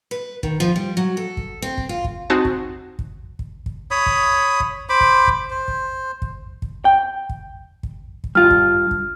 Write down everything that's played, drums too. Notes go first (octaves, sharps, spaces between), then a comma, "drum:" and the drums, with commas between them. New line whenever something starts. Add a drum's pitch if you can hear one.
B4
D#3, drum: kick
F3
G3
F#3
A4
drum: kick
C4
drum: kick
F4
drum: kick
C4 D#4 F#4 C5 G#5 A5
drum: kick
drum: kick
drum: kick
drum: kick
C#5 B5 D#6
drum: kick
drum: kick
C5 B5 D6
drum: kick
drum: kick
C5
drum: kick
drum: kick
drum: kick
G5
drum: kick
drum: kick
drum: kick
G2 F4 F6
drum: kick
drum: kick